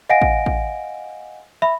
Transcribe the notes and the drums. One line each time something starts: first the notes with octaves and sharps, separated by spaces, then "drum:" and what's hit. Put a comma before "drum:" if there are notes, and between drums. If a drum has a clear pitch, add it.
D#5 F5 F#5 G#5 A#6 D7
drum: kick A1
drum: kick A1
E5 B5